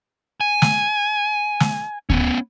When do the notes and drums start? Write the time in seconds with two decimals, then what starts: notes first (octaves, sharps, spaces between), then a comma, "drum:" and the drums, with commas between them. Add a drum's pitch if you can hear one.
0.41 G#5
0.62 drum: snare
1.60 drum: snare
2.10 B3 C#4, drum: kick D2